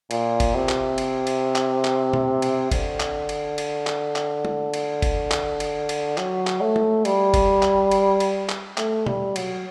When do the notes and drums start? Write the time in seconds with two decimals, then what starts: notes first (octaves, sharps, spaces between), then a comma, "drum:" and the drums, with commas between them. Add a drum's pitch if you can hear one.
0.11 A#2, drum: cymbal
0.40 drum: kick F#1, cymbal
0.55 C3
0.69 drum: clap
0.98 drum: cymbal
1.27 drum: cymbal
1.56 drum: clap
1.85 drum: clap
2.13 drum: tom B2
2.42 drum: cymbal
2.71 D3, drum: kick F#1, cymbal
3.00 drum: clap
3.29 drum: cymbal
3.58 drum: cymbal
3.87 drum: clap
4.16 drum: clap
4.45 drum: tom
4.74 drum: cymbal
5.02 drum: kick F#1, cymbal
5.31 drum: clap
5.60 drum: cymbal
5.89 drum: cymbal
6.18 F#3, drum: clap
6.47 drum: clap
6.61 A3
6.76 drum: tom
7.05 G3, drum: cymbal
7.34 drum: kick F#1, cymbal
7.63 drum: clap
7.91 drum: cymbal
8.20 drum: cymbal
8.49 drum: clap
8.78 A3, drum: clap
9.06 G3, drum: tom B2
9.36 F#3, drum: cymbal